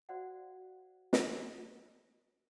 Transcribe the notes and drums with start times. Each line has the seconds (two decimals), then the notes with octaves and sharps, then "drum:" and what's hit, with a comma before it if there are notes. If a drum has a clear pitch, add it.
0.09 F#4 C5 D5 F5 F#5
1.13 drum: snare